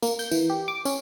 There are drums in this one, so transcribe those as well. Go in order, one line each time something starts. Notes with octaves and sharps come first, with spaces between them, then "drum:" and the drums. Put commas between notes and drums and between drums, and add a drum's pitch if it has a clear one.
A#3, drum: tambourine
G6, drum: tambourine
E3, drum: tambourine
G4
D6
C#4, drum: tambourine